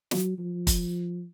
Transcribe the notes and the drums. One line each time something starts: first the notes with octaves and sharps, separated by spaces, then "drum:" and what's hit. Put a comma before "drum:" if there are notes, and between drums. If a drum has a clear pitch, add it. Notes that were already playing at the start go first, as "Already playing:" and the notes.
F#3, drum: snare
F3
drum: kick, hi-hat